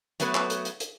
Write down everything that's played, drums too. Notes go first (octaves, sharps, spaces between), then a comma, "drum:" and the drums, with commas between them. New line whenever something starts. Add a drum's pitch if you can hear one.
F#3 A3 B3 B4 C#5, drum: hi-hat
drum: clap
drum: hi-hat
drum: hi-hat
drum: hi-hat